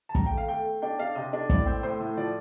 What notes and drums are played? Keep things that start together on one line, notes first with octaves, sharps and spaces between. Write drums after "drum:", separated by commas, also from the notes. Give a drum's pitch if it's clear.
A5
D#3 A#5, drum: kick
G5
A3
F5
A3 G5
A3
D4 G5
D4 F5
C3 D#5
D4
A2 D5, drum: kick
C4
A2 C5
A2
F3 D5